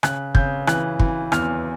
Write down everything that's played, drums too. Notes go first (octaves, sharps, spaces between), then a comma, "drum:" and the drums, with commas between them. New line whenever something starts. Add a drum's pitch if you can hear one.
C#3 F#6, drum: rim click
C#3 G6, drum: kick
E3 F#6, drum: rim click
E3, drum: kick
E2 F6, drum: rim click